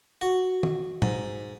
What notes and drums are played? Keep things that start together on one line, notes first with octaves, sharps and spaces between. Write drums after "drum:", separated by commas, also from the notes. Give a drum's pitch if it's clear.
F#4
drum: tom
G#2, drum: tom